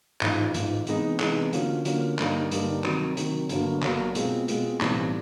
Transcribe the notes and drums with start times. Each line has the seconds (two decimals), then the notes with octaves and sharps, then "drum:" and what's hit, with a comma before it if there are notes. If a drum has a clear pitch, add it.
0.21 A1 G#2 F3, drum: clap
0.54 A1 G#2 F3, drum: hi-hat
0.87 C3 E3 G#3 B3 D#4, drum: hi-hat
1.20 C3 E3 G#3 B3 D#4, drum: clap
1.53 D3 F3 A#3 C#4 F#4, drum: hi-hat
1.85 D3 F3 A#3 C#4 F#4, drum: hi-hat
2.19 G2 D3 G3 A#3 D#4, drum: clap
2.51 G2 D3 G3 A#3 D#4, drum: hi-hat
2.84 C3 D#3 F#3, drum: clap
3.17 C3 D#3 F#3, drum: hi-hat
3.49 G1 G2 D3 F#3 A#3, drum: hi-hat
3.83 G1 G2 D3 F#3 A#3, drum: clap
4.15 B2 G#3 C4 F4, drum: hi-hat
4.48 B2 G#3 C4 F4, drum: hi-hat
4.81 B1 A2 E3 G3 C4, drum: clap